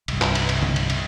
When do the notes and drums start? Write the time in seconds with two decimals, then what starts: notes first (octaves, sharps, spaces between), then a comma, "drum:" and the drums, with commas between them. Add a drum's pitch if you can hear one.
0.08 C2 G2, drum: cymbal
0.22 drum: clap
0.35 drum: cymbal
0.49 drum: cymbal
0.63 drum: tom
0.76 drum: cymbal
0.90 drum: cymbal